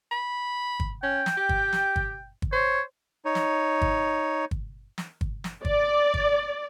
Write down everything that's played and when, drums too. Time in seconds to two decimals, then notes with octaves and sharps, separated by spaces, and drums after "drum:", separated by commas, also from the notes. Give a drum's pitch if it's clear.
0.11 B5
0.80 drum: kick
1.03 C#4 G5
1.26 drum: snare
1.37 G4
1.49 drum: kick
1.73 drum: snare
1.96 drum: kick
2.42 drum: kick
2.52 C5 C#5
3.25 D#4 C#5
3.35 drum: snare
3.82 drum: kick
4.51 drum: kick
4.98 drum: snare
5.21 drum: kick
5.44 drum: snare
5.65 D5, drum: kick
6.14 drum: kick